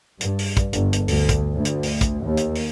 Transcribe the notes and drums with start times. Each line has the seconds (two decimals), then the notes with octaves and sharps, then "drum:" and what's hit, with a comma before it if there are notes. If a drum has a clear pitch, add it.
0.21 G2, drum: hi-hat
0.39 drum: open hi-hat
0.57 drum: kick, hi-hat
0.73 G1, drum: hi-hat
0.93 drum: hi-hat
1.08 D2, drum: open hi-hat
1.29 drum: kick, hi-hat
1.54 D2
1.65 drum: hi-hat
1.83 drum: open hi-hat
2.01 drum: kick, hi-hat
2.24 D#2
2.37 drum: hi-hat
2.55 drum: open hi-hat